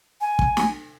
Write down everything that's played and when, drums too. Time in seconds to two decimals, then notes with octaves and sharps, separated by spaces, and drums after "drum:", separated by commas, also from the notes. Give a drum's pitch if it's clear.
0.21 G#5
0.39 drum: kick
0.57 drum: snare